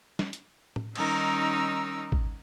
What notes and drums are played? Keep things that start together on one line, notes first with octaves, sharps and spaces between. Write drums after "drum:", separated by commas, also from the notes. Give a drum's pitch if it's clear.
drum: snare
drum: hi-hat
drum: tom A2
D#3 G3 C#4 D#4 A#4 E6, drum: cymbal
drum: kick